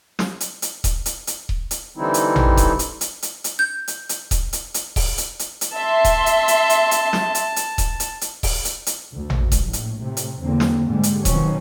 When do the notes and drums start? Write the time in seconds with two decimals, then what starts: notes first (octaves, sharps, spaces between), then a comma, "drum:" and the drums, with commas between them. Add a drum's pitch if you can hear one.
0.19 drum: snare
0.40 drum: hi-hat
0.62 drum: hi-hat
0.84 drum: kick D#1, hi-hat
1.06 drum: hi-hat
1.27 drum: hi-hat
1.49 drum: kick D#1
1.71 drum: hi-hat
1.97 D3 E3 G3 C4 D#4 E4
2.14 drum: hi-hat
2.36 drum: tom A1
2.57 drum: kick D#1, hi-hat
2.79 drum: hi-hat
3.01 drum: hi-hat
3.22 drum: hi-hat
3.44 drum: hi-hat
3.59 G6
3.88 drum: hi-hat
4.09 drum: hi-hat
4.31 drum: kick D#1, hi-hat
4.53 drum: hi-hat
4.74 drum: hi-hat
4.96 drum: kick D#1, open hi-hat
5.18 drum: hi-hat
5.39 drum: hi-hat
5.61 drum: hi-hat
5.74 E5 A5 C6
6.04 drum: kick D#1, hi-hat
6.26 drum: hi-hat
6.48 drum: hi-hat
6.70 drum: hi-hat
6.91 drum: hi-hat
7.13 drum: snare
7.35 drum: hi-hat
7.56 drum: hi-hat
7.78 drum: kick D#1, hi-hat
8.00 drum: hi-hat
8.21 drum: hi-hat
8.43 drum: kick D#1, open hi-hat
8.65 drum: hi-hat
8.86 drum: hi-hat
9.14 D2
9.30 drum: tom A1
9.52 drum: kick D#1, hi-hat
9.61 A#1 A2
9.73 drum: hi-hat
10.00 A2 C3
10.17 drum: hi-hat
10.42 E2 D3 A#3 C4
10.60 drum: snare
10.85 G#2 D3 G3 G#3
11.03 drum: hi-hat
11.25 B2 D#3 F3 F#3 C4 C#4, drum: kick D#1, hi-hat